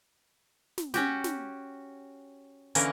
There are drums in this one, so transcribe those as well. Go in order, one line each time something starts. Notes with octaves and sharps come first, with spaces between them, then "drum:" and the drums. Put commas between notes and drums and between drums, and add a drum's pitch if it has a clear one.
drum: snare
C#4 F#4 G4, drum: snare
drum: snare
D3 E3 A#3 C#4 A#4, drum: hi-hat